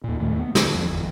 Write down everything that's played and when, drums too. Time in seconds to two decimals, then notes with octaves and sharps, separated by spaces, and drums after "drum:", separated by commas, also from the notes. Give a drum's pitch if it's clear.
0.04 D#2 A#2
0.19 D#2 A2 D#3 A3
0.39 B3
0.55 D3, drum: snare
0.75 F2
0.90 G1 E2